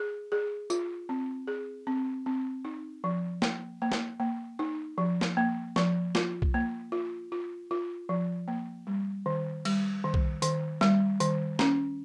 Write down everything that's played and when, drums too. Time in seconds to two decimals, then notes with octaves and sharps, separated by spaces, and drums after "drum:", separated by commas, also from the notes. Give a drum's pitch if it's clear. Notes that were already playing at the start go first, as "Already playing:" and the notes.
Already playing: G#4
0.32 G#4
0.70 F4, drum: tambourine
1.09 C4
1.47 G#4
1.87 C4
2.26 C4
2.65 D#4
3.04 F3
3.42 A#3, drum: snare
3.82 A#3
3.92 drum: snare
4.20 A#3
4.59 D#4
4.98 F3
5.21 drum: snare
5.37 A#3
5.76 F3, drum: snare
6.15 F4, drum: snare
6.42 drum: kick B1
6.54 A#3
6.92 F4
7.32 F4
7.71 F4
8.09 F3
8.48 A#3
8.87 G3
9.26 D#3
9.65 G3, drum: cymbal
10.04 D#3
10.14 drum: kick B1
10.42 D#3, drum: hi-hat
10.81 G3, drum: snare
11.20 D#3, drum: hi-hat
11.59 C#4, drum: snare